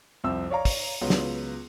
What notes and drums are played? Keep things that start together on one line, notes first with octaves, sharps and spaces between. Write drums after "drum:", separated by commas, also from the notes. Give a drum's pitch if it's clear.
C2 F2 C5 E6
C#5 D5 F5 A#5
drum: kick, open hi-hat
C#2 F#3 B3 F4
drum: snare